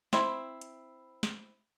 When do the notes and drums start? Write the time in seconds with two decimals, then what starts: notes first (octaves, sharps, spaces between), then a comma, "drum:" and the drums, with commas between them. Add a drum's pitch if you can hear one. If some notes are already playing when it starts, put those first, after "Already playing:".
0.13 C4 E4 B5, drum: snare
0.61 drum: hi-hat
1.23 drum: snare